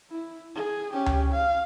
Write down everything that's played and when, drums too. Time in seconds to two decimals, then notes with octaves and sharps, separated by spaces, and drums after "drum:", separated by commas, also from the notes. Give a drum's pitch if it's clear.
0.11 E4
0.55 G#4
0.93 C#4 G4
1.06 drum: tom C#2
1.33 F5